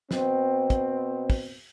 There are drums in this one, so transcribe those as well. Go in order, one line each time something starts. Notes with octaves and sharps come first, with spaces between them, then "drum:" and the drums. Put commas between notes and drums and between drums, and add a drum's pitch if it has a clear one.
B2 C4, drum: snare
drum: kick, hi-hat
drum: kick, open hi-hat